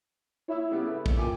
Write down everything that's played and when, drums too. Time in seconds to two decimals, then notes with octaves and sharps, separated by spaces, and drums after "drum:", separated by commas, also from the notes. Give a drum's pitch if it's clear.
0.48 E4 C#5 E5 E6
0.71 C#3 G3 B3
0.85 A3
1.06 drum: kick
1.17 A#2 G5 G#5 D6